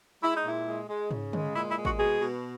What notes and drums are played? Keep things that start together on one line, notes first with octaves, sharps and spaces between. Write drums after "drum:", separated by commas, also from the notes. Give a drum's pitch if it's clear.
G#3 E4
D#4
A#2 E4
G#3
G#3
C#3, drum: tom
G#3, drum: tom D3
A#2 E4
E4
G#3
F#4, drum: kick G#1
B2 G#4
B2